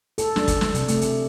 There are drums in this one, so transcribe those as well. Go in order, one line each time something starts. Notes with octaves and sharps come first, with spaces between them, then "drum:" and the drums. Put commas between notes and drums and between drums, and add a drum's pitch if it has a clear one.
A4, drum: hi-hat
D4, drum: snare
drum: kick, hi-hat
drum: snare
C3, drum: hi-hat
A3, drum: hi-hat
drum: hi-hat